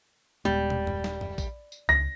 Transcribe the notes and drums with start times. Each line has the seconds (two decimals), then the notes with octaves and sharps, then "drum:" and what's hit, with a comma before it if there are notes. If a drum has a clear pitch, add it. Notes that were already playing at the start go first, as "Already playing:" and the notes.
0.45 D#1 G3 G#3 B3
0.70 drum: tom
0.87 drum: tom F#2
1.04 drum: snare
1.21 drum: tom F#2
1.38 drum: kick A#1, tambourine
1.72 drum: tambourine
1.89 C#2 A#6